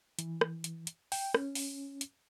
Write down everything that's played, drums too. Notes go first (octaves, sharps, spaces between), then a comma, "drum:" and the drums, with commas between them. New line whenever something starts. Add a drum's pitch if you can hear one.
E3, drum: hi-hat
drum: rim click
drum: hi-hat
drum: hi-hat
G5, drum: open hi-hat
C#4, drum: rim click
drum: open hi-hat
drum: hi-hat